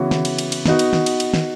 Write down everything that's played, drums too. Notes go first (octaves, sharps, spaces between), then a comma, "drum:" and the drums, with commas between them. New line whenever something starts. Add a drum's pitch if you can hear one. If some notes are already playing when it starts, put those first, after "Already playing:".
Already playing: C#3 E3 B3 F#4 C#5
drum: snare
drum: cymbal
drum: cymbal
drum: cymbal
B3 D#4 F#4, drum: snare
drum: cymbal
drum: snare
drum: cymbal
drum: cymbal
drum: snare